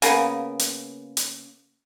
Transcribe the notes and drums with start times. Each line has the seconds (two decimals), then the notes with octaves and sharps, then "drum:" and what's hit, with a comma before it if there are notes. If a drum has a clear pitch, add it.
0.02 C#3 A#3 B3, drum: hi-hat
0.59 drum: hi-hat
1.17 drum: hi-hat